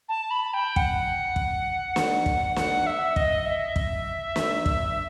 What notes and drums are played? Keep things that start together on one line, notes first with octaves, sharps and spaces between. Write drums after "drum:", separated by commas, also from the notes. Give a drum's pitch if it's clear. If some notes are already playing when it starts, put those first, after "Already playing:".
A5
B5
G5
F#5, drum: kick
drum: kick
drum: snare
drum: kick
F#5, drum: snare
E5
D#5, drum: kick
E5
drum: kick
drum: snare
drum: kick